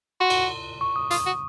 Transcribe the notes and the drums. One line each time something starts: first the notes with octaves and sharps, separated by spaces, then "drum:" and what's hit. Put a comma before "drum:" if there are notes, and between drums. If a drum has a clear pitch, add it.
F#4 C6
drum: cymbal
C#6
D#6
F4 D#6, drum: hi-hat
F#4